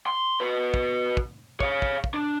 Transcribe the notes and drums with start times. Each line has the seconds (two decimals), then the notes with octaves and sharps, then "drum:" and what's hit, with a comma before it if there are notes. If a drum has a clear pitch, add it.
0.07 C6
0.40 F#4 B4
0.74 drum: kick
1.17 drum: kick
1.60 C#5 F5, drum: kick
1.82 drum: kick
2.04 drum: kick
2.14 D4